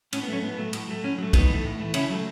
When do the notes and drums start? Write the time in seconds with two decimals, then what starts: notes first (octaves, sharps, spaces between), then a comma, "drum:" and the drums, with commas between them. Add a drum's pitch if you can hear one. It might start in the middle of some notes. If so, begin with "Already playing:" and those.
0.13 A2 C#4, drum: cymbal
0.23 B3
0.28 F#3 A3 C#4
0.42 A2 B3
0.58 F#3 A3
0.73 A2, drum: cymbal
0.88 F#3 A3
1.03 A2 C#4
1.18 F#3 A3
1.33 A2 B3 D#4, drum: kick, cymbal
1.48 E3
1.54 A3
1.64 A2
1.80 E3 A3
1.94 C#3 C#4 E4, drum: cymbal
2.10 F#3 A3